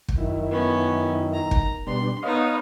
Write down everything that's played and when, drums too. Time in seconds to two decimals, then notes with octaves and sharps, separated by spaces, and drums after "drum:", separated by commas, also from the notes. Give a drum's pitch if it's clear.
0.08 drum: kick
0.18 F#2 D#3 E4
0.51 B3 C#4
1.33 A#5
1.51 drum: kick
1.87 B2 G3 D4 C6
2.23 B3 D#4 C#5 D#5 F5